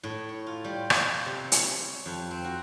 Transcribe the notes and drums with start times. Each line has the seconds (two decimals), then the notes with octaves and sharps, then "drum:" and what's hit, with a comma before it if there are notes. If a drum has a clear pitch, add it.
0.03 A2
0.29 C#5
0.47 F4
0.64 G3
0.90 drum: rim click
1.26 C3
1.52 C#5, drum: hi-hat
2.06 F2
2.31 C4
2.44 F#4